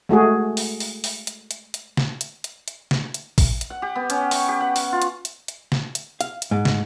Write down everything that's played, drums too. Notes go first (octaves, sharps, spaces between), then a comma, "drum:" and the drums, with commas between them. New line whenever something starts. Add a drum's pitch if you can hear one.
G#3 A3 F#4 G#4
drum: open hi-hat
drum: open hi-hat
drum: open hi-hat
drum: hi-hat
drum: hi-hat
drum: hi-hat
drum: snare
drum: hi-hat
drum: hi-hat
drum: hi-hat
drum: snare
drum: hi-hat
drum: kick A#1, open hi-hat
drum: hi-hat
F#5
G4
B3
C#4, drum: hi-hat
C#6, drum: open hi-hat
G4
F#5
F#5, drum: open hi-hat
F4
drum: hi-hat
drum: hi-hat
drum: hi-hat
drum: snare
drum: hi-hat
F5, drum: hi-hat
drum: hi-hat
G#2
drum: snare